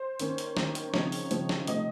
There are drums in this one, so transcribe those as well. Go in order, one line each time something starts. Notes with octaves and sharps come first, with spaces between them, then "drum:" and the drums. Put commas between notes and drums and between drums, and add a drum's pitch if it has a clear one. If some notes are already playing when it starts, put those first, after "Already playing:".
Already playing: C5
D#3 A#3 C#4, drum: hi-hat
drum: hi-hat
D#3 A#3 C#4, drum: snare
drum: hi-hat
C#3 F3 C4 D#4 C#5, drum: snare
drum: open hi-hat
C#3 F3 C4 D#4, drum: hi-hat
drum: snare
C3 F3 A3 C4 D#4 D#5, drum: hi-hat